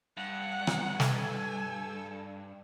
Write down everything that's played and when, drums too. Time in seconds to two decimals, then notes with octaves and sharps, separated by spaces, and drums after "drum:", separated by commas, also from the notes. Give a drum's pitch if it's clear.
0.17 G2 F#5
0.67 drum: rim click
1.00 A4 G#5, drum: snare